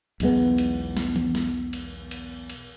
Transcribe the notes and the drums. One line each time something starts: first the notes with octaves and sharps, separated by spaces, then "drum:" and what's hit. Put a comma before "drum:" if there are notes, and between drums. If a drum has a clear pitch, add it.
B1 E2 G#3 B3, drum: cymbal
drum: cymbal
drum: snare
drum: tom E3
drum: snare
drum: cymbal
drum: cymbal
drum: cymbal